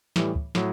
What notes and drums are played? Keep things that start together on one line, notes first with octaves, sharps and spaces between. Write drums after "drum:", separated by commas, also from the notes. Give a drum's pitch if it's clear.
A2 E3 G3, drum: snare
drum: kick
A2 F#3, drum: snare